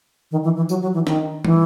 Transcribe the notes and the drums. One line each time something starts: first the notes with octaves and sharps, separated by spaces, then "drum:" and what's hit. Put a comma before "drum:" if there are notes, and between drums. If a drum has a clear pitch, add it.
D#3
E3
E3
F#3, drum: tambourine
F#3
E3
D#3, drum: snare
E3, drum: tom